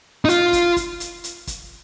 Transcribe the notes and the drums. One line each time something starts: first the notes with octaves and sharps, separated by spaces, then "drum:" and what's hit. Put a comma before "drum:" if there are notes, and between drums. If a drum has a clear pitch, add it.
D#4
F4, drum: hi-hat
drum: kick, hi-hat
drum: kick, hi-hat
drum: hi-hat
drum: hi-hat
drum: kick, hi-hat